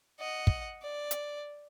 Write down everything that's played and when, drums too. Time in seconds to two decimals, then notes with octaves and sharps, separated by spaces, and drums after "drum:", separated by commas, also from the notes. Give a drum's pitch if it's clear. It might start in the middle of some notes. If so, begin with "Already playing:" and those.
0.19 D#5 F#5
0.47 drum: kick
0.82 D5
1.11 drum: hi-hat